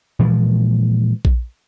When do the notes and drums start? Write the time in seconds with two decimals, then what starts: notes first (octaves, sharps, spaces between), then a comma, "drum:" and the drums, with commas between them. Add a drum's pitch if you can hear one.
0.19 A#2 E3 F3 G#3
1.25 drum: kick A#1